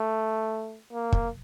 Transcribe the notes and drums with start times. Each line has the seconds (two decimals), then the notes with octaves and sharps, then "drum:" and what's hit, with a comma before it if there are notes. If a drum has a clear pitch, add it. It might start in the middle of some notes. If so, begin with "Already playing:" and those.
Already playing: A3
0.93 A#3
1.12 drum: kick